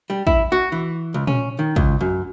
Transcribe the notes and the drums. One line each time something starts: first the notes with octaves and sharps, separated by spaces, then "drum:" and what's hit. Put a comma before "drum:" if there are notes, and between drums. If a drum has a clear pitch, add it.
G3
E4, drum: kick
F#4
E3
C#2
C#4, drum: tom A#2
D#3
C#2, drum: kick
F#2